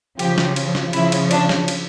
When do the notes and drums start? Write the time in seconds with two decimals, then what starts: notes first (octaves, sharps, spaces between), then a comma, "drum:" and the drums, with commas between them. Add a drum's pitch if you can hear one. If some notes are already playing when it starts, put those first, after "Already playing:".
0.19 C#3 F3 G4, drum: cymbal
0.38 drum: snare
0.56 drum: cymbal
0.75 drum: snare
0.93 C#3 F3 E4, drum: cymbal
1.12 drum: cymbal
1.31 D4, drum: cymbal
1.49 drum: snare
1.68 drum: cymbal